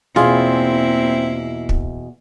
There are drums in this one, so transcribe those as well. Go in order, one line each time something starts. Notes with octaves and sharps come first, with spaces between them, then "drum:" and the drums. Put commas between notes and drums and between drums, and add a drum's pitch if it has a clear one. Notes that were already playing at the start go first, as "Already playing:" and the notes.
E2 B2 A#3 C4 E4 F4 G#4, drum: snare
drum: kick